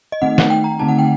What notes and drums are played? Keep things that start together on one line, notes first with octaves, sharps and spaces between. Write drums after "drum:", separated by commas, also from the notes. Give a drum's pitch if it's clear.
D#5
D#3 A3 C4 D#4 F#5
drum: snare
G5
A#5
D3 A3 C4 D#4 A5
F#5
G5